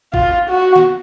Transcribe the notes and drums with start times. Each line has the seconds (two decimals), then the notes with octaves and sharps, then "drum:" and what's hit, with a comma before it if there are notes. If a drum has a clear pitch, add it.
0.14 F4, drum: kick
0.49 F#4
0.76 drum: snare